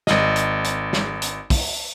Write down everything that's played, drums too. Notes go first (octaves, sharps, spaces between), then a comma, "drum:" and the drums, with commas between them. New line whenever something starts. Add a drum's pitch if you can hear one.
G#1 D#5, drum: snare
drum: hi-hat
drum: hi-hat
drum: snare
drum: hi-hat
drum: kick, open hi-hat